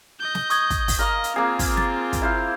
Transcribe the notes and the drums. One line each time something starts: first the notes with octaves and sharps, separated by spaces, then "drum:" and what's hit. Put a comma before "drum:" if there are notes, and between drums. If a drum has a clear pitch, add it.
D#5 G6
drum: snare
C#6 D#6 G#6, drum: hi-hat
drum: kick, hi-hat
drum: kick, open hi-hat
A#4 D#5 F5 D6
drum: hi-hat
A#3 C4 F4 G#4
drum: kick, open hi-hat
A6, drum: snare
drum: kick, hi-hat
E4 C5 F5